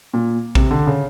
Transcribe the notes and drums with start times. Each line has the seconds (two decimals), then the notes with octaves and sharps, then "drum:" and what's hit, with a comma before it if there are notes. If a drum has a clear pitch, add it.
0.13 A#2
0.55 C3, drum: kick
0.71 D3
0.87 C#3